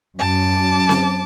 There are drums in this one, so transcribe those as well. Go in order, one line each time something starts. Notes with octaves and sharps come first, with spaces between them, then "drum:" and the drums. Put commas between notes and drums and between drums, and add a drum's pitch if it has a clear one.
F#2 A5 D6
drum: snare C4